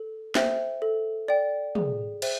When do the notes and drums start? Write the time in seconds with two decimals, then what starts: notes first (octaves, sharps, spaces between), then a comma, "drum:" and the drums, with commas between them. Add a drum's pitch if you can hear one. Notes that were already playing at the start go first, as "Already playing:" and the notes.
Already playing: A4
0.35 C5 E5 G5, drum: snare
0.82 A4
1.28 D5 G5
1.75 G#4, drum: tom
2.22 C5 E5 G5, drum: cymbal